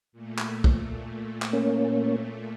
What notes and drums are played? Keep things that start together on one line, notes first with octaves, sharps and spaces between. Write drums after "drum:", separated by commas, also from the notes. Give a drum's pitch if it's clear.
A#2 A3
drum: clap
drum: kick B1
drum: clap
A#3 C#4